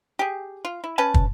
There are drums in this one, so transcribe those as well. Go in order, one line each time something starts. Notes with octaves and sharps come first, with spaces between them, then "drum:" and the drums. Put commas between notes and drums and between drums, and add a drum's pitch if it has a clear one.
G4 G#4
F4
E4
C#4 B4 A5
drum: kick